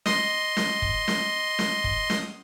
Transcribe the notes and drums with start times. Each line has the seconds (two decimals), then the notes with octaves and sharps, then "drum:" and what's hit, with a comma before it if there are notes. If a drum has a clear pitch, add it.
0.06 D#5 C6, drum: snare
0.57 drum: snare
0.82 drum: kick
1.08 drum: snare
1.59 drum: snare
1.84 drum: kick
2.10 drum: snare